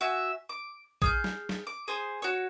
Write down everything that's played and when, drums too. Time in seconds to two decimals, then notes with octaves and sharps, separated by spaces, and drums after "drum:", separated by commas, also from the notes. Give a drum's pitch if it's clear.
0.01 F#4 E5 G#5
0.49 D6
1.02 G#4 F6 G6, drum: kick A#1
1.24 drum: snare
1.49 drum: snare
1.67 D6
1.88 G#4 C5 G#5
2.22 F#4 C#5